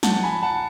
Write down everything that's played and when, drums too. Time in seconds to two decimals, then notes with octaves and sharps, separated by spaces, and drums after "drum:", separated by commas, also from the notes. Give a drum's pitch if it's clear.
0.03 F#5 A5, drum: snare
0.23 G#5 B5
0.43 F#5 A5